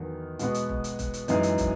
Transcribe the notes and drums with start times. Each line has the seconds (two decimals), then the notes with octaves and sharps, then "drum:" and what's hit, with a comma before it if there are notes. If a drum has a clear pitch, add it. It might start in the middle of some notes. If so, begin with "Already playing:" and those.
Already playing: E2 D#3 F#3
0.39 B2 G#3 B3 F#4, drum: hi-hat
0.54 drum: hi-hat
0.69 drum: kick
0.84 drum: hi-hat
0.99 drum: kick, hi-hat
1.14 drum: hi-hat
1.28 F#2 E3 G#3 D#4, drum: hi-hat
1.43 drum: hi-hat
1.58 drum: kick, hi-hat